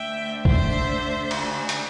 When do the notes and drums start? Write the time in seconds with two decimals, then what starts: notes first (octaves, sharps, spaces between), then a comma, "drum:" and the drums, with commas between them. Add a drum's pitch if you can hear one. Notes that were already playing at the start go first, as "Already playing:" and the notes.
Already playing: D2 D3 A3 D4 E5 G5
0.45 C5 E5, drum: kick
1.31 drum: cymbal
1.69 drum: hi-hat